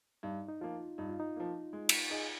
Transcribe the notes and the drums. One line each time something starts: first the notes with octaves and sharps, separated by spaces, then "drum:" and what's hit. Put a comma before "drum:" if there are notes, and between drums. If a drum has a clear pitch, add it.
G2 D#4
D#4
F3 A#3 F4
G2 D#4
F4
D#4
F3 A#3
G#3
drum: cymbal
D#4 G#4